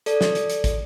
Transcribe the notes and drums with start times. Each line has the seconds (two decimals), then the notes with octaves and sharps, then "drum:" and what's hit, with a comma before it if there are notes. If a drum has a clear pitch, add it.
0.06 A4 D5, drum: hi-hat
0.21 drum: snare
0.35 drum: hi-hat
0.50 drum: hi-hat
0.64 drum: kick, hi-hat